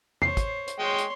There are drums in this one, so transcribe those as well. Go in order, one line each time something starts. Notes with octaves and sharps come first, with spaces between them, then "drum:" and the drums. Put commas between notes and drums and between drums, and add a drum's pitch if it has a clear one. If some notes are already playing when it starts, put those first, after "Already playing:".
C5 C#5 C7, drum: tom E2
drum: kick, hi-hat
drum: hi-hat
G#3 C#5 G5 C6
drum: hi-hat